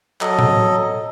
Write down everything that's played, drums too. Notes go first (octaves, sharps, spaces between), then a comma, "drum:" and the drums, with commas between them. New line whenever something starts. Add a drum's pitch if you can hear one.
F#3 A4 D#5, drum: clap
drum: tom A2